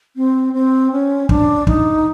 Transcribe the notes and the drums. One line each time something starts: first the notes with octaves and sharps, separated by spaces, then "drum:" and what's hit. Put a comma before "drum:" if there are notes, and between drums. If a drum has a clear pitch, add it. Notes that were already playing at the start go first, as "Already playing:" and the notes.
C4
C4
C#4
D4, drum: kick
D#4, drum: kick